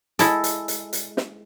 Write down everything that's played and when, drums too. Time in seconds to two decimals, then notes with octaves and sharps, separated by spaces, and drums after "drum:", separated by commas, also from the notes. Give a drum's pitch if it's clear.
0.19 G#3 E4 A4, drum: hi-hat
0.44 drum: hi-hat
0.68 drum: hi-hat
0.93 drum: hi-hat
1.17 drum: snare